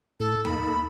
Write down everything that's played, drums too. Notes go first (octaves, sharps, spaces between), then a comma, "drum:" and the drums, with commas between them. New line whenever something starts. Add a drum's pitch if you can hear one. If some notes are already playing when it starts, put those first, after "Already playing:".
A2 A4
A#3 D#4 A4 B5, drum: tom D#2